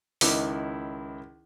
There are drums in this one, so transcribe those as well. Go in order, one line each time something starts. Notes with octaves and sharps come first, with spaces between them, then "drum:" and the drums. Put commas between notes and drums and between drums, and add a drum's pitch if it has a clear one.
C#2 D#3 E4 D6, drum: open hi-hat